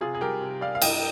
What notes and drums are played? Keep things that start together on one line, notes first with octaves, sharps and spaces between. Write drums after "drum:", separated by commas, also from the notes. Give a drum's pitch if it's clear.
C3 F4 G#4
G#4
G3 G4 A#4
C3
G3 D5 F5
F5
G2 D#5 G5, drum: cymbal